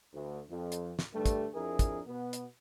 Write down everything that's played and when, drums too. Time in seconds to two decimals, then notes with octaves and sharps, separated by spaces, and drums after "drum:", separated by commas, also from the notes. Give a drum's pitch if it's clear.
0.14 D2
0.50 F2
0.72 drum: hi-hat
0.99 drum: snare
1.14 G2 D3 G3 A3
1.26 drum: kick, hi-hat
1.54 F2 D4 E4 G#4 A#4
1.79 drum: kick, hi-hat
2.06 B2 B3
2.33 drum: hi-hat